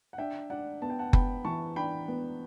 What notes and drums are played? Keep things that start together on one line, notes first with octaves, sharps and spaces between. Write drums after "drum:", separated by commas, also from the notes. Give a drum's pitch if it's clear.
F#5
D4 E5 G5
D4 D5 F#5
B3 A5
G5
F#5 A5
B3 G5 B5, drum: kick F#1
E3 A5 C#6
D4 G5 B5
B3